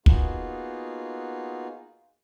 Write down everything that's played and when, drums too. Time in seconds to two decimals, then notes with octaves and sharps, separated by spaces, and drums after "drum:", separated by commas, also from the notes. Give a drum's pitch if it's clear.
0.06 A#3 B3 D#4 F4 F#4 G#4, drum: kick